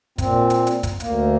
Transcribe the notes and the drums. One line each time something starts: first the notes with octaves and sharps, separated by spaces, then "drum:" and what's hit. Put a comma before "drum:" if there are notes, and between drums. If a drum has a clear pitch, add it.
A#2 C4, drum: kick, hi-hat
drum: hi-hat
drum: hi-hat
drum: kick, hi-hat
D2 A#3, drum: hi-hat